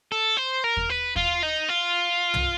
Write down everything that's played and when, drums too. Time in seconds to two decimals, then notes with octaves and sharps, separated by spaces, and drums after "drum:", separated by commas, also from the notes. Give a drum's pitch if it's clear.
0.12 A4
0.37 C5
0.64 A#4
0.77 drum: kick
0.89 B4
1.16 F4, drum: kick
1.42 D#4
1.69 F4
2.34 drum: tom